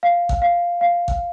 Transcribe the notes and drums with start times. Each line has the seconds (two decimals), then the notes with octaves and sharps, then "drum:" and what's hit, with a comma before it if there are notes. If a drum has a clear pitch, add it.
0.03 F5
0.29 drum: kick G#1
0.42 F5
0.81 F5
1.08 drum: kick G#1